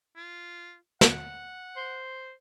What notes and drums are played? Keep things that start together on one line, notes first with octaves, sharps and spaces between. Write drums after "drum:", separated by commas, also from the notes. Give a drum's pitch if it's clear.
F4
F#5, drum: snare
C5